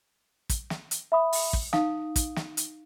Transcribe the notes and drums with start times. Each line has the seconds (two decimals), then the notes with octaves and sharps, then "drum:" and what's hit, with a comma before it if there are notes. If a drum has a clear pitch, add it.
0.49 drum: kick, hi-hat
0.70 drum: snare
0.91 drum: hi-hat
1.12 E5 B5 D#6
1.33 drum: open hi-hat
1.53 drum: kick
1.73 D#4 F5 D#6, drum: snare
2.16 drum: kick, hi-hat
2.36 drum: snare
2.57 drum: hi-hat